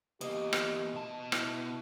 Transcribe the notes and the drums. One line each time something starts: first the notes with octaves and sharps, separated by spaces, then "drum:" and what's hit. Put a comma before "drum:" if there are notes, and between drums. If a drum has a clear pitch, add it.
E2 A#3 G4 D#5
drum: rim click
B2 A5
E4, drum: rim click